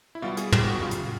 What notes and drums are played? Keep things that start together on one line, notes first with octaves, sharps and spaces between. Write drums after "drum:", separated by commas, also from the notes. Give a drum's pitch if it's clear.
E4
B2 G3 F4
G#4, drum: hi-hat
G4, drum: tom
F#4
C#3 F#3 F4
drum: hi-hat